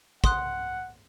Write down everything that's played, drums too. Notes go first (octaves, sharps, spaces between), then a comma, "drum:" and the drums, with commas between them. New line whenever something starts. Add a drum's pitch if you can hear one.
F#5 C6 D#6 F#6, drum: kick